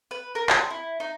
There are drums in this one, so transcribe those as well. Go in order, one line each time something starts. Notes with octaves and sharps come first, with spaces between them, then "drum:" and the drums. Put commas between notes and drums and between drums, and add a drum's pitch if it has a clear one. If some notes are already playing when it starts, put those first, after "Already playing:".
B4
A#4
C6, drum: clap
E4
D#4